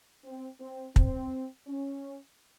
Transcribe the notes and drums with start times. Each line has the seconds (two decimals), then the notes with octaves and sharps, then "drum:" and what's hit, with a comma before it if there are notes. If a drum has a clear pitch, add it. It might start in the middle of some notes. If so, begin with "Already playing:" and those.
0.24 C4
0.60 C4
0.96 C4, drum: kick
1.67 C#4